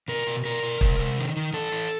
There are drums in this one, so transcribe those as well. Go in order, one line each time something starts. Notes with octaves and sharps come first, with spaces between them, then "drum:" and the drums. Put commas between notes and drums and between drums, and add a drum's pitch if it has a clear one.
B2 A#4
B2
B2 A#4
B2
C3, drum: kick
C3
D#3
D#3
E3 A4
E3